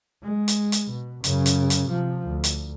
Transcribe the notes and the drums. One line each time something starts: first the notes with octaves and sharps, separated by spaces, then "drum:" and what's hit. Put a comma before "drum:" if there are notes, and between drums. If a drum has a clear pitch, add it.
G#3
drum: hi-hat
drum: hi-hat
B2
F#2 C#3, drum: hi-hat
drum: hi-hat
drum: hi-hat
C3 F3
D2
drum: hi-hat